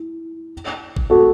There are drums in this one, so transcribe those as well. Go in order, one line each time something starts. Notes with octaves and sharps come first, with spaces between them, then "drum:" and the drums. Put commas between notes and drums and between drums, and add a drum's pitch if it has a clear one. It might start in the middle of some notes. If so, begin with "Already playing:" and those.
Already playing: E4
drum: kick G#1
F#4 A4